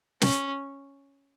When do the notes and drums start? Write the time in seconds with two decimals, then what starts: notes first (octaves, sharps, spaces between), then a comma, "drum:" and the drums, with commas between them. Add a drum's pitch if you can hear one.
0.21 C#4, drum: snare